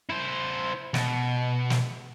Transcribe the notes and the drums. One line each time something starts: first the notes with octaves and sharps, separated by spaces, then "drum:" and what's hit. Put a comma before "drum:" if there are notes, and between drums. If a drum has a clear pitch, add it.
E4 C5
B2, drum: snare
drum: snare